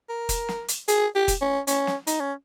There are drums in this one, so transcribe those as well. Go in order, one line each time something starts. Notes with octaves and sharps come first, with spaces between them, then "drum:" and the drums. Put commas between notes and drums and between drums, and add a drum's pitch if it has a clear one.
A#4
drum: kick, hi-hat
drum: snare
drum: hi-hat
G#4, drum: hi-hat
G4
drum: kick, hi-hat
C#4
C#4, drum: hi-hat
drum: snare
D#4, drum: hi-hat
C#4